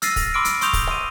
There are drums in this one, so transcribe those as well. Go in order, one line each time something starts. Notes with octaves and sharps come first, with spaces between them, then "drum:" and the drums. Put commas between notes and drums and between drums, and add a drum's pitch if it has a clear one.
E6 F6 A6 A#6 C7 D#7, drum: hi-hat
drum: kick, open hi-hat
B5 C6 D6 E6 F6 D7
drum: hi-hat
C6 C#6 D#6 G6 F7 G7, drum: hi-hat
drum: kick, open hi-hat
C6 D#7, drum: rim click